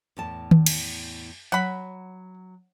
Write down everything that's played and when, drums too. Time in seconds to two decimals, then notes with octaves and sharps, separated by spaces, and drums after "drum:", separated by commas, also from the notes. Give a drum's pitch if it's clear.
0.17 E2 A2 A5
0.51 drum: tom D#3
0.66 drum: cymbal
1.52 F#3 F#5 B5